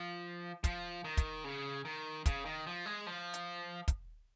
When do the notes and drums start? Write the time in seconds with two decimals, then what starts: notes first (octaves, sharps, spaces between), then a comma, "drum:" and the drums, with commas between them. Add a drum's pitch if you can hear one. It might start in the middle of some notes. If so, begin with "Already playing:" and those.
Already playing: F3
0.64 F3, drum: kick, hi-hat
1.04 D#3
1.17 drum: kick, hi-hat
1.44 C#3
1.85 D#3
2.26 C#3, drum: kick, hi-hat
2.45 D#3
2.67 F3
2.86 G#3
3.07 F3
3.34 drum: hi-hat
3.88 drum: kick, hi-hat